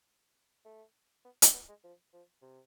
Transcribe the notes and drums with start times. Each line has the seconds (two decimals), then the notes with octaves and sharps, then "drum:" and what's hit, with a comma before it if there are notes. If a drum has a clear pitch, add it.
0.65 A3
1.25 B3
1.42 drum: hi-hat
1.54 B3
1.69 G#3
1.84 F3
2.13 F3
2.42 C3